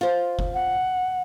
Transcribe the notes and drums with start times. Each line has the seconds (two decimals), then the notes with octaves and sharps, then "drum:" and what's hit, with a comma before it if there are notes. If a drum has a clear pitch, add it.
0.01 F4 C5
0.39 drum: kick F#1
0.53 F#5